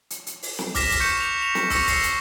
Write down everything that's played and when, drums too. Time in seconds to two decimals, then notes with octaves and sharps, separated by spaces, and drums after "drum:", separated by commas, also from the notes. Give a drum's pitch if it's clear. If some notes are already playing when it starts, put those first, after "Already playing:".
0.10 drum: hi-hat
0.26 drum: hi-hat
0.43 drum: open hi-hat
0.59 drum: snare
0.75 D6 F6 A#6 B6 E7, drum: kick, open hi-hat
0.91 drum: kick, open hi-hat
1.00 C#6 G6 C#7 E7
1.20 G6 F7
1.42 F7
1.55 drum: snare
1.70 C#6 E6 A#6 C#7, drum: kick, open hi-hat
1.87 A#6 C7 C#7, drum: kick, open hi-hat
2.03 drum: hi-hat